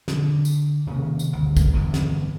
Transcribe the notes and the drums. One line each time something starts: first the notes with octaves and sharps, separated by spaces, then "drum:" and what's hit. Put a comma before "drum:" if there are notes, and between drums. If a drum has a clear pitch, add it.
D3, drum: snare
drum: tambourine
C3 D#3 A#3 C#4
drum: tambourine
G1 D2
drum: kick, tambourine
E2 G2 D3
drum: snare